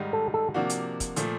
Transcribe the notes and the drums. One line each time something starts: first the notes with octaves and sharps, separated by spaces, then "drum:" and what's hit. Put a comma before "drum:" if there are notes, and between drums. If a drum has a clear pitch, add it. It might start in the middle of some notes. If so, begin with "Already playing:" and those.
Already playing: G#2 D#3 G3
A4
A4
C3 F3 A#3 D4 F#4
drum: hi-hat
drum: kick, hi-hat
A#2 F3 A3, drum: hi-hat